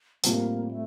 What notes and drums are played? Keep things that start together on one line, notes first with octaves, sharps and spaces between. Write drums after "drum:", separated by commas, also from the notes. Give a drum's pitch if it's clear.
A2 G3 A#3 C4 F4 C5, drum: hi-hat
A3